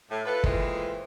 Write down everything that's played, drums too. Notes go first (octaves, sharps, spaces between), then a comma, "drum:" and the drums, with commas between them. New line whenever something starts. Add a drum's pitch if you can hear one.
A2
F4 A4 B4
A#2 E3 G#3 A3 C4, drum: kick